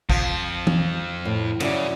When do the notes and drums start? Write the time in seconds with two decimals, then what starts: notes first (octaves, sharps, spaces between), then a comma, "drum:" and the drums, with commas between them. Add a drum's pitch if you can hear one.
0.09 F2 F3, drum: kick
0.67 drum: tom E3
1.25 A2
1.60 F#2 C#3 E4 D5, drum: cymbal